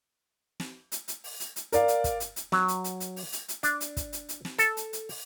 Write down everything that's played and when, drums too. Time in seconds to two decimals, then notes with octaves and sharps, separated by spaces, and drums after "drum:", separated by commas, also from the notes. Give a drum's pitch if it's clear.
0.60 drum: snare
0.92 drum: hi-hat
1.08 drum: hi-hat
1.24 drum: open hi-hat
1.40 drum: hi-hat
1.56 drum: hi-hat
1.72 A#4 D5 F5, drum: hi-hat
1.88 drum: hi-hat
2.04 drum: kick, hi-hat
2.20 drum: hi-hat
2.36 drum: hi-hat
2.52 F#3, drum: snare
2.68 drum: hi-hat
2.84 drum: hi-hat
3.00 drum: hi-hat
3.16 drum: open hi-hat
3.32 drum: hi-hat
3.48 drum: hi-hat
3.63 D4, drum: hi-hat
3.81 drum: hi-hat
3.97 drum: kick, hi-hat
4.13 drum: hi-hat
4.29 drum: hi-hat
4.45 drum: snare
4.59 A4, drum: hi-hat
4.77 drum: hi-hat
4.93 drum: hi-hat
5.09 drum: open hi-hat